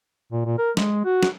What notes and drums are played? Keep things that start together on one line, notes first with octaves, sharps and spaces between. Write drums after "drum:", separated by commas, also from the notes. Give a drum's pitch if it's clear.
A#2
A#2
A#4
G#3, drum: snare
F#4
drum: snare